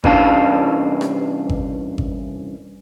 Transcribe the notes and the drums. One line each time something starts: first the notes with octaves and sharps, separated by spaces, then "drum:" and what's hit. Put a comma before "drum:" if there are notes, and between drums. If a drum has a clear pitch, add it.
C2 E3 C#4 D4 F5 A5, drum: kick G#1
drum: rim click
drum: kick G#1
drum: kick G#1